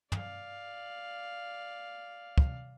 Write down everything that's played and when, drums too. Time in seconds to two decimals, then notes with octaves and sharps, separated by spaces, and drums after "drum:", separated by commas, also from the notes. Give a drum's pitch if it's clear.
0.12 D5 F5, drum: tom
2.38 drum: kick